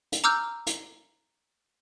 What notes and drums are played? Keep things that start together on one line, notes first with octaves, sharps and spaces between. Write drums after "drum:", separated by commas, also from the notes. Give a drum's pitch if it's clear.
drum: hi-hat
A#5 D6 E6 F6 G6
drum: hi-hat